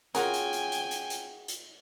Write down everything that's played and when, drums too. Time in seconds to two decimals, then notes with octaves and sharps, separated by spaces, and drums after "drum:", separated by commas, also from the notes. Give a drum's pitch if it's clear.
0.15 C#4 F4 F#4 G#4 A#4 G5 G#5, drum: hi-hat
0.34 drum: hi-hat
0.53 drum: hi-hat
0.72 drum: hi-hat
0.91 drum: hi-hat
1.10 drum: hi-hat
1.48 drum: hi-hat